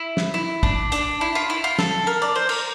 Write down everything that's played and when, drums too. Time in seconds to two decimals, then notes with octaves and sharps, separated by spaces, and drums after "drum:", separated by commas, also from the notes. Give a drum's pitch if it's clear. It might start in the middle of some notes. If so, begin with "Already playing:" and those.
Already playing: E4
0.17 drum: snare
0.34 E4
0.63 D4, drum: kick
0.92 D4, drum: hi-hat
1.21 E4
1.35 F4
1.50 E4
1.64 F4
1.79 A4, drum: snare
2.07 A#4
2.22 D5
2.36 C5
2.49 A#4, drum: cymbal